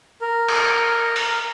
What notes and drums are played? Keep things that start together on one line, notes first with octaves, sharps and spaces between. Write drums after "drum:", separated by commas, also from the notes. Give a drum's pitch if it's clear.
A#4
drum: cymbal
drum: open hi-hat